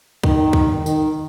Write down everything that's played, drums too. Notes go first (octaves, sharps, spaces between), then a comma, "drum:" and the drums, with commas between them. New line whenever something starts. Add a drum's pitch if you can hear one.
D#3, drum: kick
drum: kick
D#3, drum: tambourine